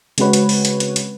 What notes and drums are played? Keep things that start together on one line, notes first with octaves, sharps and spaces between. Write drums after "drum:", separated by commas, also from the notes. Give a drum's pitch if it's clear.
C#3 G#3 C4 F#4 B4 C#5, drum: hi-hat
drum: hi-hat
drum: open hi-hat
drum: hi-hat
drum: hi-hat
drum: hi-hat